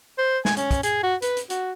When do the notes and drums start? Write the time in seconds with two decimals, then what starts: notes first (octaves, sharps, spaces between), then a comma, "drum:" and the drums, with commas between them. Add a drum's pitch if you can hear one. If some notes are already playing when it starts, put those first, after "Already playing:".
0.18 C5
0.45 G#5, drum: snare
0.57 C#4, drum: hi-hat
0.71 drum: kick, hi-hat
0.83 G#4, drum: hi-hat
1.03 F#4
1.22 B4, drum: hi-hat
1.37 drum: hi-hat
1.50 F#4, drum: hi-hat